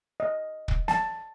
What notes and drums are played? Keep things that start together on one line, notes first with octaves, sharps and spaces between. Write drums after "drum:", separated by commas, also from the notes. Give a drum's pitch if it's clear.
D#5
drum: kick
A5, drum: snare